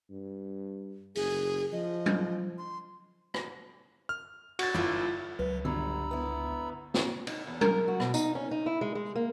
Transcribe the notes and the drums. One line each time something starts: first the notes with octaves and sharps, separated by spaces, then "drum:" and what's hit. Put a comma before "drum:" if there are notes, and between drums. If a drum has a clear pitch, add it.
G2
F#1 G#4, drum: open hi-hat
F3 D#5
drum: tom F#3
C6
drum: rim click
F6
F#4 A6, drum: cymbal
G1 E4 F4
C#2 F#3 B4
G1 F#3 G3 A#5 B5 E6
B3 E4
drum: snare
D#4, drum: cymbal
E2
A#4, drum: tom F#3
F#4
B2, drum: rim click
D#4, drum: tambourine
C#4
D#4
E4
G#3
G#3
A#3